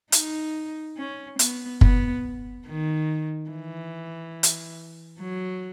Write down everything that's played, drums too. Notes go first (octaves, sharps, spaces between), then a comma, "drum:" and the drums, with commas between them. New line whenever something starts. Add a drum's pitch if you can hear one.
D#4, drum: hi-hat
C#4
B3, drum: hi-hat
B3, drum: kick
D#3
E3
drum: hi-hat
F#3